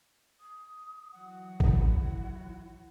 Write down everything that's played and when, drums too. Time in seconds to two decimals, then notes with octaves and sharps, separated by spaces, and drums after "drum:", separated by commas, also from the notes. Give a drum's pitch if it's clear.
0.40 D#6
1.12 E3 F#3 F#4 F#5
1.60 E4, drum: kick A1